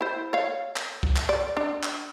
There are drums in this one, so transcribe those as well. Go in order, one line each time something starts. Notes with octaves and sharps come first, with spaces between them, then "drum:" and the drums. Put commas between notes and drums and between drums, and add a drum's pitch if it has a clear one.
E4 C5
C#5 F5
drum: clap
drum: kick
drum: clap
D5
D4
drum: clap